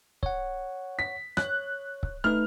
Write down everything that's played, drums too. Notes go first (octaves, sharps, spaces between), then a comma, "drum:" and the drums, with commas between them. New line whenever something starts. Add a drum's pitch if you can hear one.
C#5 F#5, drum: kick C#1
B6
C#5 F#6, drum: rim click
drum: kick C#1
A3 D#4 B4 F6